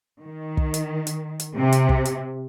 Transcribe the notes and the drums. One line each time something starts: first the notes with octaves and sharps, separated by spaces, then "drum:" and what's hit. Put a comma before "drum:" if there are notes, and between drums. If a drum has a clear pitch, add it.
D#3
drum: kick
drum: hi-hat
drum: hi-hat
drum: hi-hat
C3
drum: hi-hat
drum: kick
drum: hi-hat